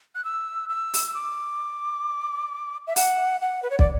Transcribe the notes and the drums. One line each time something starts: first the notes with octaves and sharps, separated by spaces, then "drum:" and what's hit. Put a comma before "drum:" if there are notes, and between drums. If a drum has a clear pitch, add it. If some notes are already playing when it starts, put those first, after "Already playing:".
F#6
E6
E6
drum: open hi-hat
E6
D6
E5
F#5, drum: open hi-hat
F#5
B4
C#5
D5, drum: kick